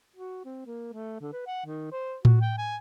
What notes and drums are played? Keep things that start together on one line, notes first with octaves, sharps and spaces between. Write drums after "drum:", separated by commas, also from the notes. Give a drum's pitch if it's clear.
F#4
C4
A#3
A3
D3
B4
F#5
D#3
C5
F#4, drum: tom A2
G5
G#5